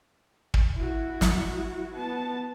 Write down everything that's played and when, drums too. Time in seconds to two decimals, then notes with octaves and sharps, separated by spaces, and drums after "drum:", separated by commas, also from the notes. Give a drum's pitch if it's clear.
0.54 drum: kick
0.76 E4 F#4
1.21 drum: snare
1.94 B3 A5